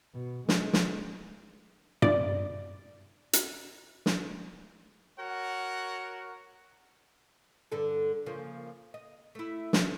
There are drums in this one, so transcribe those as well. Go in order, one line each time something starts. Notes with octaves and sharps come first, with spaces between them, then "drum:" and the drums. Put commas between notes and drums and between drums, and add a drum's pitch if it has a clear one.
B2
G#3, drum: snare
drum: snare
D5, drum: tom G2
drum: hi-hat
drum: snare
F#4 A#4 C#5 F#5
G2 D3 A4
C#3 F3 A#3
D#5
A3 E4
C#4, drum: snare